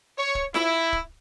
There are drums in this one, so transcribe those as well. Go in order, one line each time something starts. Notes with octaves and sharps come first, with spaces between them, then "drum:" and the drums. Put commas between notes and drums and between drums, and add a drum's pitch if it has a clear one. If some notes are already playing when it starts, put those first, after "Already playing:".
C#5
drum: kick
E4, drum: snare F4
drum: kick